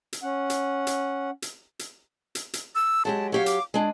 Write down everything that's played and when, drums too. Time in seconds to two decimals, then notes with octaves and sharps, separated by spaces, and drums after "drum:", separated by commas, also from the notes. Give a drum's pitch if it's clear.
0.13 drum: hi-hat
0.23 C#4 F#5
0.50 drum: hi-hat
0.87 drum: hi-hat
1.42 drum: hi-hat
1.79 drum: hi-hat
2.35 drum: hi-hat
2.53 drum: hi-hat
2.75 E6
3.05 F#3 G#3 G4 A5
3.32 F#3 G4 C#5 F5
3.46 D6, drum: hi-hat
3.74 G#3 D4 G#5